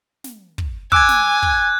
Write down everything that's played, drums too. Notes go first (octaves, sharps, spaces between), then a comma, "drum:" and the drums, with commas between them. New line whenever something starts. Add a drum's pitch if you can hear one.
drum: snare
drum: kick
G#5 D6 E6 F#6 G#6, drum: kick
drum: snare
drum: kick